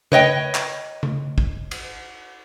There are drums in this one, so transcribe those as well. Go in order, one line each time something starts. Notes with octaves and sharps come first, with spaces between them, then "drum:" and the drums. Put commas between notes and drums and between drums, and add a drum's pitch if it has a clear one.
B4 C#5 D#5 G5, drum: tom C#3
drum: clap
drum: tom C#3
drum: kick
drum: cymbal